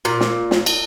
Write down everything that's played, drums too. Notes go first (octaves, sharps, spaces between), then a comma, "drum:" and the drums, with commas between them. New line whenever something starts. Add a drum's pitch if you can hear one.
A#2
drum: snare
drum: snare
drum: cymbal